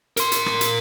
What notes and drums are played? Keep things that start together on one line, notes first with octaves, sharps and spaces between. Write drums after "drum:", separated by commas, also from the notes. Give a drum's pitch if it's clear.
A#4 C6, drum: hi-hat
drum: hi-hat
drum: rim click
drum: hi-hat